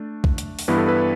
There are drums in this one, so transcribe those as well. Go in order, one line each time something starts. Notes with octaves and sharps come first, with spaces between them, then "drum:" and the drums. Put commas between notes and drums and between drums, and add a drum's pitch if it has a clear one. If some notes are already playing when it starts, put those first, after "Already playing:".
Already playing: A3 D4
drum: kick B1
drum: hi-hat
drum: open hi-hat
G2 E3 B3 E4 B4
A4
B4